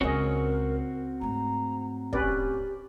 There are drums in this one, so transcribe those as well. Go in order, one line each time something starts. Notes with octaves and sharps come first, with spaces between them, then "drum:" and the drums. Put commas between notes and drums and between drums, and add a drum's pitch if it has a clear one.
C#2 G#3 C4 C#4 F#4 A#4 C#5 D#5
G#2 A3 A#5
C#4 G4 B4 D5, drum: kick